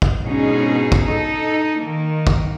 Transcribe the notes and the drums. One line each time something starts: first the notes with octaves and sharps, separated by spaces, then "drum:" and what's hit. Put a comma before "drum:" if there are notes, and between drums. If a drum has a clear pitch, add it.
drum: kick
G#2 B2 D3 C#4 D#4 G#4
drum: kick
D#4 A4
D#3 A#3
drum: kick